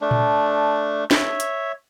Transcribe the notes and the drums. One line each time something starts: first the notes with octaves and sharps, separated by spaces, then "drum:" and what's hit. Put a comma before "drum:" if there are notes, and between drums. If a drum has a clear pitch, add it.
A3 D4
drum: tom A#2
C#5 E5, drum: snare
drum: hi-hat